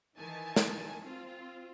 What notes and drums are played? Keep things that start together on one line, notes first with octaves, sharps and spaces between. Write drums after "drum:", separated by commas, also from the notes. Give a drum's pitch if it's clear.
D#3 E3 G#5 A5
drum: snare
C4 F4